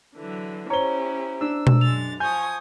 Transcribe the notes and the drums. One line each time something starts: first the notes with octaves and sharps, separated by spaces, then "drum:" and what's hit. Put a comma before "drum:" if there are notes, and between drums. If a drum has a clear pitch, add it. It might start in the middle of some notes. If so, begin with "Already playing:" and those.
D3 E3 F#3
C#4 E4 G4 C5 C#5 A#5 G7
D4 E6
drum: tom B2
F#2 G#3 A6 F7
F3 G#5 C#6 D#6 G6